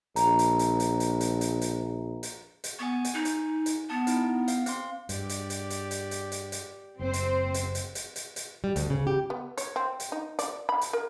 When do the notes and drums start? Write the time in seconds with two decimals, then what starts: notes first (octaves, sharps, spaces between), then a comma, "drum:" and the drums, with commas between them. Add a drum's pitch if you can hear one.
0.16 A#1 A#5, drum: hi-hat
0.39 drum: hi-hat
0.59 drum: hi-hat
0.80 drum: hi-hat
1.00 drum: hi-hat
1.21 drum: hi-hat
1.41 drum: hi-hat
1.61 drum: hi-hat
2.23 drum: hi-hat
2.64 drum: hi-hat
2.79 B3 G#5 C#6
3.05 drum: hi-hat
3.14 D#4
3.25 drum: hi-hat
3.66 drum: hi-hat
3.90 B3 A5
4.07 D#4 E4, drum: hi-hat
4.48 F5, drum: hi-hat
4.66 C4 F5 C6, drum: hi-hat
5.09 G2 G4 D5, drum: hi-hat
5.29 drum: hi-hat
5.50 drum: hi-hat
5.70 drum: hi-hat
5.91 drum: hi-hat
6.11 drum: hi-hat
6.32 drum: hi-hat
6.52 drum: hi-hat
7.00 F#1 F#2 C4 C5
7.13 drum: hi-hat
7.54 drum: hi-hat
7.75 drum: hi-hat
7.95 drum: hi-hat
8.16 drum: hi-hat
8.36 drum: hi-hat
8.64 G3
8.76 D2, drum: hi-hat
8.90 C#3
9.07 G4
9.30 B3
9.58 C#5, drum: hi-hat
9.76 C4
10.00 drum: hi-hat
10.12 D#4
10.39 D5, drum: hi-hat
10.69 B5
10.81 drum: hi-hat
10.93 A#4